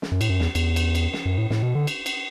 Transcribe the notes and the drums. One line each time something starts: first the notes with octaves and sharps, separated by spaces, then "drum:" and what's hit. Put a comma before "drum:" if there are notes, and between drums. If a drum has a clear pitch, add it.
drum: snare
F#2
A2, drum: cymbal
F#2
E2, drum: snare
E2, drum: cymbal
drum: cymbal
drum: cymbal
drum: snare
F#2
A2
A2, drum: snare
B2
D3
drum: cymbal
drum: cymbal